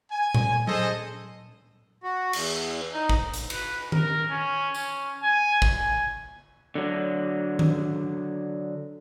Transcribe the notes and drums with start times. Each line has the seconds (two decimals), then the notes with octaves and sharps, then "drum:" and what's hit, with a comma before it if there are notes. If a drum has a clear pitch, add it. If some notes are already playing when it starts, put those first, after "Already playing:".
0.12 G#5
0.34 drum: tom A#2
0.67 G#4 A4 C5 D#5, drum: tom F#3
2.03 F#4
2.33 E2, drum: cymbal
2.93 D#4
3.09 drum: kick
3.34 drum: hi-hat
3.50 B4, drum: cymbal
3.92 A#4, drum: tom D#3
4.29 C#4
4.74 C#4, drum: tambourine
5.22 G#5
5.62 drum: kick
5.77 G#5
6.75 D3 F#3
7.59 drum: tom D#3